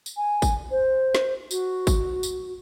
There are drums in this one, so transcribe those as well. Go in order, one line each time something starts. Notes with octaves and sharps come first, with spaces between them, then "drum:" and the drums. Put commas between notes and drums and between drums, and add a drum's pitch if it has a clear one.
drum: tambourine
G#5
drum: kick G#1, tambourine
C5
drum: snare
F#4, drum: tambourine
drum: kick G#1, tambourine
drum: tambourine